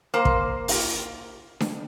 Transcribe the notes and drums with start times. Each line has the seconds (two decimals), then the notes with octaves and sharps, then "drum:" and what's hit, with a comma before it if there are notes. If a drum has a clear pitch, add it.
0.14 A#3 C5
0.25 drum: kick
0.68 drum: open hi-hat
1.60 drum: snare D4